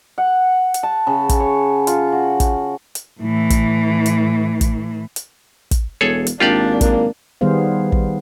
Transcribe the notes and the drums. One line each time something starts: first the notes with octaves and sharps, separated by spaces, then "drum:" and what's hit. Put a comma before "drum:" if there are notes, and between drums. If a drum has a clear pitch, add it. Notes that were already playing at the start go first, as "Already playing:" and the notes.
F#5
drum: hi-hat
A5
C#3
drum: kick, hi-hat
C#5
F4, drum: hi-hat
F#4
drum: kick, hi-hat
drum: hi-hat
A2 E3
drum: kick, hi-hat
drum: hi-hat
drum: kick, hi-hat
drum: hi-hat
drum: kick, hi-hat
E1 G#4 A4 C#5
drum: hi-hat
G#1 A#3 D4 F4 G4 D5
A#3, drum: kick, hi-hat
D#3 G3 B3 G#4 C5 F5
drum: kick